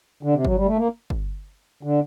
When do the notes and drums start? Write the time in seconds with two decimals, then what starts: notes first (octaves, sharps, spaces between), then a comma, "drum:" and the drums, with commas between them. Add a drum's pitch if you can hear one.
0.23 D3
0.34 C3
0.45 F#3, drum: kick G1
0.56 G3
0.66 A3
0.77 A#3
1.10 drum: kick G1
1.83 D3